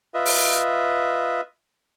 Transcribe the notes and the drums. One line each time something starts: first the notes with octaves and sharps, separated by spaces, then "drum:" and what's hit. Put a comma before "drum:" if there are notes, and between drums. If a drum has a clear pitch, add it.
F4 B4 D#5 E5
drum: open hi-hat